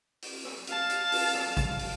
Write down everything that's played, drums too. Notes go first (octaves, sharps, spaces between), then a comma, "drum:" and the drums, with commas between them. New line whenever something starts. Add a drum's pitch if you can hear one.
drum: open hi-hat
drum: rim click
F5 A5, drum: hi-hat
drum: hi-hat
drum: open hi-hat
drum: rim click
drum: kick G#1, hi-hat
drum: open hi-hat